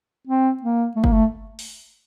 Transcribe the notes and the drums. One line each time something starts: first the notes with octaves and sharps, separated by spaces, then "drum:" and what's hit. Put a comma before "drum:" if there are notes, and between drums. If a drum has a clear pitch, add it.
C4
A#3
A3
A#3, drum: kick
A3
drum: open hi-hat